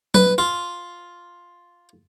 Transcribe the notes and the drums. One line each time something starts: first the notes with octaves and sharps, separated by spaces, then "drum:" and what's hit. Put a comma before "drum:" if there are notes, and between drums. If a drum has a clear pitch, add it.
B4, drum: tom F#3
F4